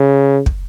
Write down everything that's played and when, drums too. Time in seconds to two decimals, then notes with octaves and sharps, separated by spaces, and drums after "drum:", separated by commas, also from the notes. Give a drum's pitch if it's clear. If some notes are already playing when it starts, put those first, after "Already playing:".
Already playing: C#3
0.46 drum: kick